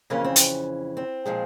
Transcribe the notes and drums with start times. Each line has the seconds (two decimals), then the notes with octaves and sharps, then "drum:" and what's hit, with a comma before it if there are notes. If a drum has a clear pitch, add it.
0.10 F2 C#3 E3 A#3 C#4
0.24 C4
0.36 drum: hi-hat
0.97 C4
1.26 A#2 F3 G#3